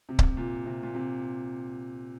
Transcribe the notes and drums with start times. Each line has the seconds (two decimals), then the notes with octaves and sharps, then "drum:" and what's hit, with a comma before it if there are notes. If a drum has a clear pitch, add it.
0.09 C3
0.19 drum: kick C#1
0.37 A#2
0.66 C3
0.83 A#2
0.95 C3